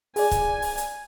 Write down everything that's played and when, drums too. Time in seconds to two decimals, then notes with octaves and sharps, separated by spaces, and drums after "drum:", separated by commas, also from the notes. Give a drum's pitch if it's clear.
0.16 G#4 D5 G#5, drum: open hi-hat
0.31 drum: kick, hi-hat
0.62 drum: open hi-hat
0.78 drum: hi-hat